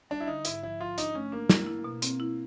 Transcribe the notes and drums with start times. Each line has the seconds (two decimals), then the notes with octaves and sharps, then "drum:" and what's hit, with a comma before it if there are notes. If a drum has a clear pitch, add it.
0.10 G3 D4
0.20 E4
0.27 D3 D#4
0.45 G#2 E4, drum: hi-hat
0.63 F3 E4
0.81 F3 F4
0.98 D4 D#4, drum: hi-hat
1.15 A3 C#4
1.32 A#3 D4
1.49 E4, drum: snare
1.67 E4
1.84 B2
2.02 C4, drum: hi-hat
2.20 E4